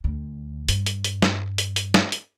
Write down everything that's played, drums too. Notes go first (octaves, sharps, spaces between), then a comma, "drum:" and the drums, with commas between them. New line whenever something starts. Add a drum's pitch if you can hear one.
D2 D3
G2, drum: hi-hat
drum: hi-hat
drum: hi-hat
drum: snare
drum: hi-hat
drum: hi-hat
drum: snare
drum: hi-hat